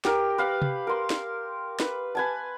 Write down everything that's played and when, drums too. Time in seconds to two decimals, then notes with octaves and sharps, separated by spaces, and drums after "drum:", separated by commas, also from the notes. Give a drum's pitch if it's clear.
0.05 G4 A#4, drum: snare
0.38 B4 F5
0.62 drum: tom C3
0.87 A#4 C6
1.10 drum: snare
1.80 B4, drum: snare
2.15 B4 G#5 A5